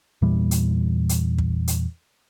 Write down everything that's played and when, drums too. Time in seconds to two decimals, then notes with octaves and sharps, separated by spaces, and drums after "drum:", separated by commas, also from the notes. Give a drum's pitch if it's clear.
0.22 E2 A#2 E3 G3
0.51 drum: hi-hat
1.09 drum: hi-hat
1.38 drum: kick
1.68 drum: hi-hat